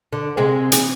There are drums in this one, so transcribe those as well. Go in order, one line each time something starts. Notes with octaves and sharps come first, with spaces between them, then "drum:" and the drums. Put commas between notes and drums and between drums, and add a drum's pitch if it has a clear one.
D3
C3 G#3 G#4
E3, drum: hi-hat